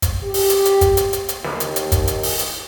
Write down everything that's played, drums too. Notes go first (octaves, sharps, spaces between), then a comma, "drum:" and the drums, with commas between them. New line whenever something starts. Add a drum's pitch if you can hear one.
drum: kick, hi-hat
G4
drum: open hi-hat
drum: hi-hat
drum: hi-hat
drum: kick, hi-hat
drum: hi-hat
drum: hi-hat
drum: hi-hat
D#2, drum: snare
drum: hi-hat
drum: hi-hat
drum: kick, hi-hat
drum: hi-hat
drum: open hi-hat
drum: hi-hat